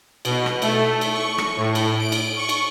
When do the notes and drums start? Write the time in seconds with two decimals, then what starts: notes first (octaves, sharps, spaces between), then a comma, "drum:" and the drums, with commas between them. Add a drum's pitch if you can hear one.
0.25 B2, drum: cymbal
0.46 drum: rim click
0.62 A3, drum: cymbal
1.01 drum: cymbal
1.12 C#6
1.38 drum: rim click
1.57 A2
1.75 drum: cymbal
1.99 D7
2.12 drum: cymbal
2.36 C#6
2.49 drum: cymbal